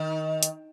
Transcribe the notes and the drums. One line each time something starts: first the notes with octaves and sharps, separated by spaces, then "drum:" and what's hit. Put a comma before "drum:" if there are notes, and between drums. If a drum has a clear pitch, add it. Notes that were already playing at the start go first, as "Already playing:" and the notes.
Already playing: D#3
drum: hi-hat